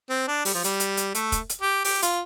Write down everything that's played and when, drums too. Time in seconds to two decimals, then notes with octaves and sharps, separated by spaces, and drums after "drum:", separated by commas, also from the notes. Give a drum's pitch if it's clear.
0.10 C4
0.28 D4
0.45 G3, drum: open hi-hat
0.54 F3
0.64 G3, drum: hi-hat
0.80 drum: hi-hat
0.97 drum: hi-hat
1.15 A3, drum: hi-hat
1.32 drum: kick, hi-hat
1.49 drum: hi-hat
1.62 G4
1.84 G4, drum: open hi-hat
2.02 F4, drum: hi-hat